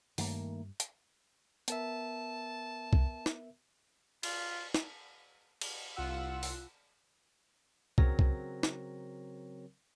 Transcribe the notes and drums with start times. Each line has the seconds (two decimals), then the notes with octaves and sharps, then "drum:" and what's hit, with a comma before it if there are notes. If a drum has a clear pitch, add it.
0.18 G2 D#3 A3 A#3, drum: open hi-hat
0.80 drum: hi-hat
1.68 B3 A#4 E5 A5, drum: hi-hat
2.93 drum: kick
3.26 drum: snare
4.23 F4, drum: cymbal
4.74 drum: snare
5.61 drum: cymbal
5.96 C2 F4 F#5 E6
6.43 drum: open hi-hat
7.98 C#3 F#3 C4 A#4 C#5 A#6, drum: kick
8.19 drum: kick
8.63 drum: snare